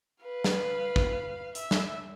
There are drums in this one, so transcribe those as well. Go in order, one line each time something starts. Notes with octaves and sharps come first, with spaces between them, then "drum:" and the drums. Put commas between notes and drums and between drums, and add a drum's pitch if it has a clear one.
B4 F5
drum: snare
drum: kick
E5, drum: hi-hat
drum: snare